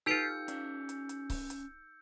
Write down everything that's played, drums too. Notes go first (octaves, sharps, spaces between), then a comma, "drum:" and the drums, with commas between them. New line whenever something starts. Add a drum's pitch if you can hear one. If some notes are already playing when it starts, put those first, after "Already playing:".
D#4 F4 G4 A4 B4 E6 G6 C#7
C#4 D5, drum: hi-hat
drum: hi-hat
drum: hi-hat
drum: kick C#1, open hi-hat
drum: hi-hat